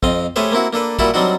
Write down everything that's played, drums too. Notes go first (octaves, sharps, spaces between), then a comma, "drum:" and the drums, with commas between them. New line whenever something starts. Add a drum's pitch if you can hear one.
F2 C4 D#5 F5, drum: kick
A3 C#4 G4 G#4 B4 C5
A#3 C4 E4 F#4
A#3 D4 A4 B4
A#2 G3 E4 F#4 A5 B5, drum: kick
F#3 G3 C4 D4 D#4 F#4